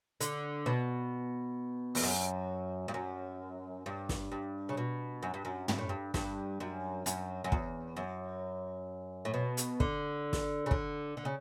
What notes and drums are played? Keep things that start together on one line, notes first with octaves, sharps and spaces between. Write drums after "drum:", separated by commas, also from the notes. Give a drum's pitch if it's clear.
D3, drum: hi-hat
B2
E2, drum: open hi-hat
F#2
G2
F#2
G2
drum: snare
G2
C#3
B2
F#2
G2
F#2
G2, drum: tom
A2
G2
G2, drum: snare
F#2
F#2, drum: hi-hat
F#2
E2, drum: kick
F#2
A2
B2
drum: hi-hat
D3, drum: kick
drum: snare
C#3
D3, drum: kick
D3
C#3